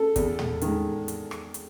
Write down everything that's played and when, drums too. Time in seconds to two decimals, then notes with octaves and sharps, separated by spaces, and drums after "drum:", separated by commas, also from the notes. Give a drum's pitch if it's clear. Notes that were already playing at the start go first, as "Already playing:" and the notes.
Already playing: A4
0.16 E2, drum: kick, hi-hat
0.39 drum: tom
0.62 D#3 G#3, drum: hi-hat
1.08 drum: hi-hat
1.31 drum: rim click
1.54 drum: hi-hat